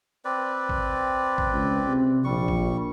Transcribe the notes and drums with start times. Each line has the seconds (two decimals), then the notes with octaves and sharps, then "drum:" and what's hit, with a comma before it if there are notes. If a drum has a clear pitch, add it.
0.25 C4 B4 D5
0.69 drum: kick A1
1.38 drum: kick A1
1.52 C#2
1.86 C3
2.25 A#1 G3 C#6
2.48 drum: kick A1